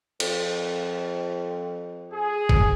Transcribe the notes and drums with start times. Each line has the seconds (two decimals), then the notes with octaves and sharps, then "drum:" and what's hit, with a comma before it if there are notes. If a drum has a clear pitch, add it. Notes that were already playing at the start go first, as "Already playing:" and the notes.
0.20 F2, drum: cymbal
2.13 G#4
2.49 drum: kick